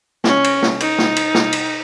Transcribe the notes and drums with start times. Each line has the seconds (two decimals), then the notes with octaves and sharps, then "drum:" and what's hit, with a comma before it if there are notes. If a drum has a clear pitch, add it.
0.24 C#4, drum: snare
0.44 drum: cymbal
0.62 drum: snare
0.80 D#4, drum: cymbal
0.98 drum: snare
1.16 drum: cymbal
1.34 drum: snare
1.52 drum: cymbal